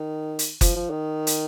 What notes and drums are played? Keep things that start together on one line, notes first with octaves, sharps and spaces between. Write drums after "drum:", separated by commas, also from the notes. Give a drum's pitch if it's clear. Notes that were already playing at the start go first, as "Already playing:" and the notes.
Already playing: D#3
drum: hi-hat
F3, drum: kick F#1, hi-hat
F3
D#3
drum: hi-hat